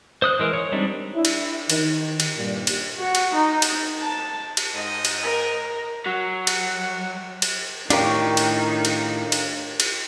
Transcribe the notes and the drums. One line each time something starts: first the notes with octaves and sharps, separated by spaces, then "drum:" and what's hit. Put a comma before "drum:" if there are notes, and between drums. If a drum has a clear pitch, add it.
C5 D#6 F#6
E3 G#3 A#4
C#5
G3 G#3 C4 D4 D#4
D4 E4
drum: cymbal
D#3, drum: cymbal
drum: cymbal
G2 A#2 G3
drum: cymbal
F#4
drum: cymbal
D#4
drum: cymbal
A5
drum: cymbal
G#2 D#5
drum: cymbal
A#4
F#3 F#5
drum: cymbal
drum: cymbal
A2 D#3 D4 F4 G4 A#4 C#5, drum: cymbal
drum: cymbal
drum: cymbal
drum: cymbal
drum: cymbal